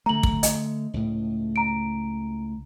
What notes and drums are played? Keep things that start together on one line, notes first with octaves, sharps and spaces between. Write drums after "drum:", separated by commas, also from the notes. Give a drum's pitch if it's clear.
D3 A3 A#5 F#7
drum: kick
D#5, drum: hi-hat
C#2 A2
A#5 D7